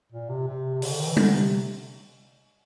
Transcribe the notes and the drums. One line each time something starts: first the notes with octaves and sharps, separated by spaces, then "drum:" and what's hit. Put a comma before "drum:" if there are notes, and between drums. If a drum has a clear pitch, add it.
A#2
C3
C3
C3
C#3, drum: open hi-hat
D3
D#3
E3
D3, drum: tom G3
C3